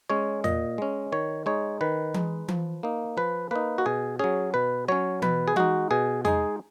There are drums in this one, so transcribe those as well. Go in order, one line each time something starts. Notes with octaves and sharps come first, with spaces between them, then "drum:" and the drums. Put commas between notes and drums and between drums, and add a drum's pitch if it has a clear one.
G#3 C#4 C#5
A#2 D#5, drum: tom E2
G#3 C#4
D#3 C#5
G#3 D#4 C#5
D#3 B4
G#3 D#4, drum: tom E3
F3, drum: tom E3
A#3 D#4
F3 B4
A#3 D#4 B4
F#4
B2 G#4
F#3 C#4 G#4
B2 B4
F#3 C#4 C#5
B2 B4, drum: tom E3
G#4
G#3 D#4 F#4, drum: tom E3
B2 G#4
G#3 D#4 G#4, drum: tom E2